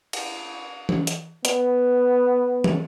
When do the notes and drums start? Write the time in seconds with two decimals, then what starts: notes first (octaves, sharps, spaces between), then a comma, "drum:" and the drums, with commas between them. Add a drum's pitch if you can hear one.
0.13 drum: cymbal
0.89 drum: tom E3
1.07 drum: hi-hat
1.45 B3, drum: hi-hat
2.64 drum: tom